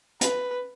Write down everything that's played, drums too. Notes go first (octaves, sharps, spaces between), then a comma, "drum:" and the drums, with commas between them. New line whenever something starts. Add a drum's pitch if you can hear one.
B4, drum: hi-hat